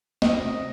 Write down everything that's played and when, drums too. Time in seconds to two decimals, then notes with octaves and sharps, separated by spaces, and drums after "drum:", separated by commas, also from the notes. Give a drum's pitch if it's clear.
0.22 C4 D#5, drum: snare
0.44 C3